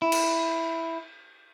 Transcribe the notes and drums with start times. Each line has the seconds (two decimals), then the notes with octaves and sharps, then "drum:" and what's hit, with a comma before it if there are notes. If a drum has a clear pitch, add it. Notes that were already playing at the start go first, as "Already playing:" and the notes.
0.02 E4
0.12 drum: cymbal